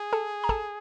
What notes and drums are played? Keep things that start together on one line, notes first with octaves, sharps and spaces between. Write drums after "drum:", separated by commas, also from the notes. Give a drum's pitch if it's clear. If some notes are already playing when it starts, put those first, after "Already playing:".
Already playing: G#4
A4 A5
A#5
A4 A5, drum: kick